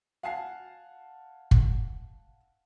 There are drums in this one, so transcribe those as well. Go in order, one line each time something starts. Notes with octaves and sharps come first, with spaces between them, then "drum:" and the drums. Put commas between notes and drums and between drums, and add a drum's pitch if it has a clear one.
F5 F#5 G#5 A5 C7
drum: kick